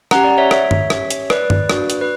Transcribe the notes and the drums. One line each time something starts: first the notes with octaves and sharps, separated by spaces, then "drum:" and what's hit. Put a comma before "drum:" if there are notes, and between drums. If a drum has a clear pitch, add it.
C#4 G4 F#5 A#5, drum: rim click
D5 F#5
C#5 E5
C#5 E5, drum: rim click
drum: tom G2
C#4 G4, drum: rim click
drum: hi-hat
B4 D5, drum: rim click
drum: tom G2
A#3 D4 F#4, drum: rim click
drum: hi-hat
B4